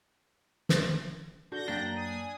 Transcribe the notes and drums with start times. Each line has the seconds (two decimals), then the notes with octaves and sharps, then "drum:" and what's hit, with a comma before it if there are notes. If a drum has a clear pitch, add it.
0.69 drum: snare
1.52 D4 F#4 A4 G6 A#6
1.68 F#2 A#3 D4 G5
1.96 G#5 D#6